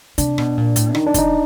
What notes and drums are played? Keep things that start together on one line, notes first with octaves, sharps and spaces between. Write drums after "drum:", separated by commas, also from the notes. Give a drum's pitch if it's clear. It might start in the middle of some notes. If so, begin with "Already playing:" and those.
C3 D4, drum: hi-hat
B2, drum: rim click
A#2
A2, drum: hi-hat
D#3 D#4, drum: rim click
D4
D#3 D#4, drum: kick, hi-hat